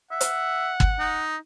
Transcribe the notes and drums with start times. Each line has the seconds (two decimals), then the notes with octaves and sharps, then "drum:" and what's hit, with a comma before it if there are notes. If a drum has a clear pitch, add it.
0.11 E5 F#5
0.21 drum: hi-hat
0.80 drum: kick
0.99 D#4